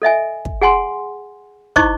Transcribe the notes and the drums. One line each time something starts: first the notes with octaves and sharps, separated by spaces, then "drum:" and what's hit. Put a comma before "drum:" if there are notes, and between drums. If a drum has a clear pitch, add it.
A4 D#5 E5 G#5
drum: kick
G#4 F#5 G#5 C6
D#4 E4 C5 D#5 C#6 D6, drum: kick